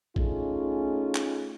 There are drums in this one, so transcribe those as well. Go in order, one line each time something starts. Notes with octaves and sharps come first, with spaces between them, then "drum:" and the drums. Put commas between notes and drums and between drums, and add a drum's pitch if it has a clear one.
A3 C#4 D#4 F4 G#4, drum: kick
drum: clap